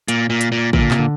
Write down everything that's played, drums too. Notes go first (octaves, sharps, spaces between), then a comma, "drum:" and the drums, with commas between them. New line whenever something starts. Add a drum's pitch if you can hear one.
A#2, drum: hi-hat
A#2
drum: hi-hat
A#2
A#2 E3, drum: kick
D3
C3, drum: clap
D3